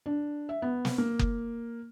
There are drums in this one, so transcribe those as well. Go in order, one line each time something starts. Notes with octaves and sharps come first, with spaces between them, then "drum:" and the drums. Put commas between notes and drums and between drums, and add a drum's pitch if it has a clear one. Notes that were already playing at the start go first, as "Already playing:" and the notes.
D4
E5
B3
drum: snare
A#3
drum: kick F#1